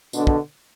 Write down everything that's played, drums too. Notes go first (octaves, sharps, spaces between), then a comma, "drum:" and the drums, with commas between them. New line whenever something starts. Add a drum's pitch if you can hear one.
B2 D3, drum: tambourine
drum: kick